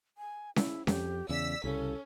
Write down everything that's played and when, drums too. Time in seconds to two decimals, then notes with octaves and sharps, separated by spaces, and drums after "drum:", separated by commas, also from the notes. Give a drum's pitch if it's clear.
0.18 G#5
0.56 E4, drum: snare C#4
0.87 F2 G4, drum: snare C#4
1.29 E2 C#3 D5 E6 B6
1.64 C2 C#3 C#4 A4